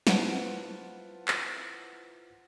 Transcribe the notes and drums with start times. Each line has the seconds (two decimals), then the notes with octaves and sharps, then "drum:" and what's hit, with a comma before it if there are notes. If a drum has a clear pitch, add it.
0.07 E4 F4 B4 C5 F#5 A5, drum: snare
1.28 drum: clap